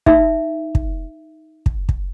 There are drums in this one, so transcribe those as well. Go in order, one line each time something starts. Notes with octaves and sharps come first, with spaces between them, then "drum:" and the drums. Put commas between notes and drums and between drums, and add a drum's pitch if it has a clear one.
D#4 E5, drum: kick
drum: kick
drum: kick
drum: kick